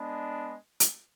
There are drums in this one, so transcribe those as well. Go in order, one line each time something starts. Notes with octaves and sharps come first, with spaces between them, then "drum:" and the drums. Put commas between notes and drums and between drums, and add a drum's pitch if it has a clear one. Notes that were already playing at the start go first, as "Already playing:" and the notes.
Already playing: G#3 B3 D4
drum: hi-hat